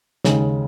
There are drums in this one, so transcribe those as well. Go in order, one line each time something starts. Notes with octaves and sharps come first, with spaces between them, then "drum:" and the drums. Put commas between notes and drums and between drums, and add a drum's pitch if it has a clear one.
D#2 C#3 G#3 C#4, drum: snare